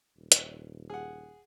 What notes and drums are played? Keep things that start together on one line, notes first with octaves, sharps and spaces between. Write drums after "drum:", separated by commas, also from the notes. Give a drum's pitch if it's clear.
D#1
drum: hi-hat
G#4 F#5